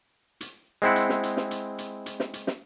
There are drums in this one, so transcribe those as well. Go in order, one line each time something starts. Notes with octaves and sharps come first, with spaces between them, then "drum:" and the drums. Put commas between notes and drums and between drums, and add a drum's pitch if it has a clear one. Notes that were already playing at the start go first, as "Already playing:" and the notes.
drum: hi-hat
G#3 C4 E4 F#5
drum: hi-hat
drum: snare
drum: hi-hat
drum: snare
drum: hi-hat
drum: hi-hat
drum: hi-hat
drum: snare
drum: hi-hat
drum: snare